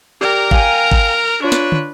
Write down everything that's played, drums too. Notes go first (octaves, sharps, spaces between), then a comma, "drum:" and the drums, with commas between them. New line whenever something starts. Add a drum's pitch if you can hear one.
G4 A#4 D5 G5 A#5
F5 G5 G#5, drum: kick
drum: kick
D4 F4 B4 C#5 C#6
drum: snare
drum: tom